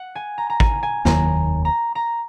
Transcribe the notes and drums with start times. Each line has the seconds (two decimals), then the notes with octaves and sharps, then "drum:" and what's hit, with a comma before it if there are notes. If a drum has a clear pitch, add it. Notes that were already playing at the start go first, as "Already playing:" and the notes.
Already playing: F#5
0.15 G#5
0.38 A#5
0.50 A#5
0.60 G#5, drum: kick G#1
0.83 G#5
1.05 F1 D#2 D#3 F#3 A#5, drum: snare
1.65 A#5
1.95 A#5